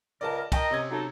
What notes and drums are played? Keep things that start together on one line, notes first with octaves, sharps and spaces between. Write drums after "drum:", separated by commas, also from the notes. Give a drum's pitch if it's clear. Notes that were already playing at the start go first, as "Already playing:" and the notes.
C#2 C#3 A#4 D5 D#5 A5
A#4 D#5 G5 A5 A#5, drum: kick, cymbal
C3 C#4 G#6
F#3 D#4 A4